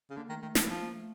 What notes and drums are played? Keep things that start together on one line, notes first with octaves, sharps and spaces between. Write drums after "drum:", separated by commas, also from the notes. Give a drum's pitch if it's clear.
C#3
D3 A#3
D#3 A3
D#3 A3
F3 G#3, drum: snare
E3
F3 A#3
A#3
A3